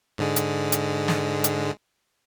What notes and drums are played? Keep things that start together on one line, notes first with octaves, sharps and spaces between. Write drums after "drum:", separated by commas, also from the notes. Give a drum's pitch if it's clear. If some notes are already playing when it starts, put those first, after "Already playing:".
G#2 D3 G#3
drum: hi-hat
drum: hi-hat
drum: snare
drum: hi-hat